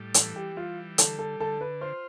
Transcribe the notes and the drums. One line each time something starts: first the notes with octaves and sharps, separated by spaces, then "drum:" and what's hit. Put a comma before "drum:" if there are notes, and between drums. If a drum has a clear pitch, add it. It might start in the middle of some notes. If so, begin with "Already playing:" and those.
Already playing: A2 G3
E3 A4, drum: hi-hat
G4
G3 F4
D3 A4, drum: hi-hat
A4
D3 A4
B4
F4 C5